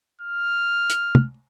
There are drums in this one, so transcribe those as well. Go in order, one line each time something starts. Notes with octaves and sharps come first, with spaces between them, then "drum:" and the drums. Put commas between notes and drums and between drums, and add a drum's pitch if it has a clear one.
F6
drum: hi-hat
drum: tom